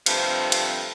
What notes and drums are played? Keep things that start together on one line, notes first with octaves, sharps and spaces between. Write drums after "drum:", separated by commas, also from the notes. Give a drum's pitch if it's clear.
G2 C3 F3 A3 C4 F5, drum: cymbal
drum: cymbal